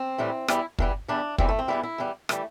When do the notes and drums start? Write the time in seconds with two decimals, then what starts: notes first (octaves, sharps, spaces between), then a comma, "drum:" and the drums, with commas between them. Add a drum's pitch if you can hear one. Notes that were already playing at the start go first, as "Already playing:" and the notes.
Already playing: C4
0.18 A2 E3 G3
0.48 E2 E3 G3 E4, drum: rim click
0.79 E2 E3 G3, drum: kick
1.08 E2 E3 G3 D4
1.38 E2 E3 G3 C4, drum: kick
1.49 A3
1.59 C4
1.68 E2 E3 G3 E4
1.83 E4
1.98 E2 E3 G3
2.29 E3 G3 A3, drum: rim click